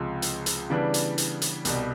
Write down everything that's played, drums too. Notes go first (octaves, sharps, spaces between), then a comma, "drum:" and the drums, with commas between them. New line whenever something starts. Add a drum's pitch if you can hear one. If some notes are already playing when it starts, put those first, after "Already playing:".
Already playing: C#2 C3 F3 G#3
drum: hi-hat
drum: hi-hat
C#3 E3 G3 B3 D4
drum: hi-hat
drum: hi-hat
drum: hi-hat
C2 B2 G3, drum: hi-hat